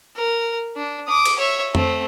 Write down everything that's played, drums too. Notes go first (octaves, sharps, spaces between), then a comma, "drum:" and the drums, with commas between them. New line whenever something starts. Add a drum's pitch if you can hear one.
A#4
D4
D6 D#6
drum: cymbal
C#5 E5
A3 C4, drum: tom F2